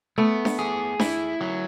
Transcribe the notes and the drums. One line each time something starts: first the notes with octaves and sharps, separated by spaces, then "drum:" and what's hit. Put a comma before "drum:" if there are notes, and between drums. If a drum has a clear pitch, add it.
A3 B3
drum: snare D4
G#4
E4, drum: snare D4
F#3